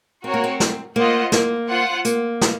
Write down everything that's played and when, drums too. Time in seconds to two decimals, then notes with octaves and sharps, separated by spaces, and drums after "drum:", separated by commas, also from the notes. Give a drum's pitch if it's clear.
0.24 C4 F#4 A#4 C#5
0.34 A#3
0.44 C4
0.60 drum: snare
0.96 A#3 F4 C5 D#5 F#5
1.32 A#3, drum: snare
1.69 F4 C5 F#5
2.05 A#3, drum: hi-hat
2.41 drum: snare